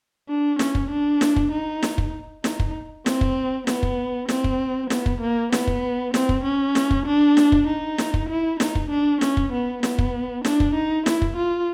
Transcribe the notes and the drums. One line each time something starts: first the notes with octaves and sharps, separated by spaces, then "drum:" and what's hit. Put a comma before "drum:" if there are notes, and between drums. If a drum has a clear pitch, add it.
D4
C#4, drum: snare
drum: kick
D4
drum: snare
drum: kick
D#4
drum: snare
drum: kick
D#4, drum: snare
drum: kick
C4, drum: snare
drum: kick
B3, drum: snare
drum: kick
C4, drum: snare
drum: kick
B3, drum: snare
drum: kick
A#3
B3, drum: snare
drum: kick
C4, drum: snare
drum: kick
C#4
drum: snare
drum: kick
D4
drum: snare
drum: kick
D#4
drum: snare
drum: kick
E4
D#4, drum: snare
drum: kick
D4
C#4, drum: snare
drum: kick
B3
B3, drum: snare
drum: kick
D4, drum: snare
drum: kick
D#4
E4, drum: snare
drum: kick
F4